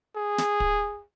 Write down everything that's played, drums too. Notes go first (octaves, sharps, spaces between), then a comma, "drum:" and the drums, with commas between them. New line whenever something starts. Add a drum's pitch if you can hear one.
G#4
drum: snare
drum: kick